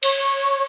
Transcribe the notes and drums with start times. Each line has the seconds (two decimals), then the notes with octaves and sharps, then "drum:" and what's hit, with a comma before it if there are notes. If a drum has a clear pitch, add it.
0.03 C#5, drum: cymbal